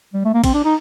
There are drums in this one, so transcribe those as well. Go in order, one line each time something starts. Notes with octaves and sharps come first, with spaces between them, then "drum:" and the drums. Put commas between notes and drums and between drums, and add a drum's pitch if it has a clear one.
G3
A3
A#3
C4, drum: kick, cymbal
D4
D#4